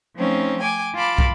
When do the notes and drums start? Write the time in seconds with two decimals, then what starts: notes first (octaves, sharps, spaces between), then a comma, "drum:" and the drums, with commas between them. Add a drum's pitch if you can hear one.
0.16 F3 A3 C4 C#4 D#4
0.61 G5 G#5 D6
0.95 F4 A5 B5 D6 F6
1.18 drum: kick